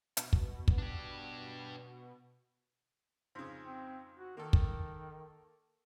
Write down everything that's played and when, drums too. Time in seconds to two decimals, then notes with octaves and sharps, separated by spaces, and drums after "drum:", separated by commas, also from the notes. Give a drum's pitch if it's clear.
0.17 B2, drum: hi-hat
0.33 drum: kick
0.68 drum: kick
0.78 D4 G4
3.35 F2 G#2 C#3
3.65 C4
4.17 F#4
4.37 D#3 A#3 A4
4.53 drum: kick